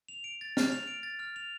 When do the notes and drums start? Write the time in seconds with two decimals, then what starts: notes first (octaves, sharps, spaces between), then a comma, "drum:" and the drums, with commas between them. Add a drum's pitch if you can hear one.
0.09 F7
0.24 D7
0.41 A6
0.57 F6, drum: snare
0.72 F7
0.87 D7
1.03 A6
1.19 F6
1.36 F7